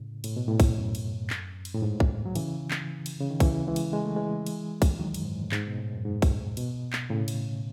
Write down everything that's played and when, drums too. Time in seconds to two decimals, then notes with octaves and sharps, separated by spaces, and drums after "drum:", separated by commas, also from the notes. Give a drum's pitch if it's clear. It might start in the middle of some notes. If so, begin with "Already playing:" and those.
Already playing: A2 C#3
0.24 A2, drum: cymbal
0.37 B2
0.48 A2
0.60 drum: kick, cymbal
0.77 F#2
0.95 drum: cymbal
1.30 drum: clap
1.65 drum: cymbal
1.74 A2
1.82 G#2
2.00 drum: kick
2.26 F#3
2.36 C#3 E3, drum: cymbal
2.71 drum: clap
3.06 drum: cymbal
3.21 C#3
3.30 D#3
3.40 C#3 E3, drum: kick, cymbal
3.67 E3 G#3
3.76 drum: cymbal
3.93 G#3
4.05 A3
4.16 E3 G#3
4.46 drum: cymbal
4.82 drum: kick, cymbal
4.99 D#3 F#3
5.14 F#2, drum: cymbal
5.25 G#2
5.43 A2
5.52 G#2, drum: clap
5.67 B2
5.78 A2
5.96 F#2
6.05 G#2
6.22 drum: kick, cymbal
6.57 B2, drum: cymbal
6.93 drum: clap
7.10 A2 C#3
7.28 drum: cymbal